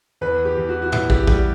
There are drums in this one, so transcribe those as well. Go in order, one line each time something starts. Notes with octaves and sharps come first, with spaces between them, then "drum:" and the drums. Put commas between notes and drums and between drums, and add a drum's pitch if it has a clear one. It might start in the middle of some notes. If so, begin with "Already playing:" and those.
E2 B4
G4
E2
F#4
F#4
E2 E4, drum: tom
G4, drum: kick
G3 G4, drum: kick